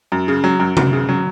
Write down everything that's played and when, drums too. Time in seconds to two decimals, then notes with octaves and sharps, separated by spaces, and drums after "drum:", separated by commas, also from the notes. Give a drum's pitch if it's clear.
0.12 F#2
0.28 C#3
0.44 F#3
0.60 F#2
0.77 F#2, drum: tom C3
0.93 C#3
1.09 F#3